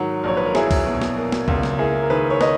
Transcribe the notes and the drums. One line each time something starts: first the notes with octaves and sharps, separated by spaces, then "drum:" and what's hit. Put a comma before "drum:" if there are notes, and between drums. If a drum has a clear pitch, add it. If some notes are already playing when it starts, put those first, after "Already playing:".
Already playing: G#2 D#3 F#3 F#4
A#1 C#5
B4
A#4
F#3 E4 G#4, drum: snare
drum: kick C2, open hi-hat
B2
drum: snare
A#3
drum: snare
C#2, drum: kick C2
drum: snare
A#3 E4 G#4
A#4
D#3 G#4 B4
C#5
B4 D#5, drum: snare